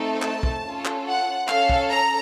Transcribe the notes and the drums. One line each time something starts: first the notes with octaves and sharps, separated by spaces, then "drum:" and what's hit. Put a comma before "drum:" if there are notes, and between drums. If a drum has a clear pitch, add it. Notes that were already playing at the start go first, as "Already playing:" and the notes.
Already playing: A3 C4 D#4 A4
A5, drum: clap
drum: kick
C#4 F4 A4
drum: clap
F#5
C#4 A4 F5, drum: clap
drum: kick
A#5